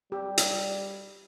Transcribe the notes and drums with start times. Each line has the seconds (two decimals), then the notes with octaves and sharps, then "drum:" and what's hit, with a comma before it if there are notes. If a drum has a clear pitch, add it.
0.12 G3 G4
0.38 drum: hi-hat